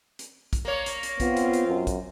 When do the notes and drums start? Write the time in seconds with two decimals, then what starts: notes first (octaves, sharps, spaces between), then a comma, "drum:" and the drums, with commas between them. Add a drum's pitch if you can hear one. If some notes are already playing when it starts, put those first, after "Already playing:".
0.19 drum: hi-hat
0.53 drum: kick, hi-hat
0.65 A#3 C#5
0.86 drum: hi-hat
1.03 drum: hi-hat
1.20 B3 C4 F4, drum: kick, hi-hat
1.37 drum: hi-hat
1.53 drum: hi-hat
1.66 F#2
1.87 drum: kick, hi-hat